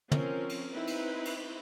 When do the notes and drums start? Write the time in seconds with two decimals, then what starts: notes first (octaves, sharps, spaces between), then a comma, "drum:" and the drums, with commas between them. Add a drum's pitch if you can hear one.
0.11 F3 C4 C#4 A#4, drum: tom
0.49 drum: cymbal
0.73 C4 D#4 E4 B4
0.87 drum: cymbal
1.25 drum: cymbal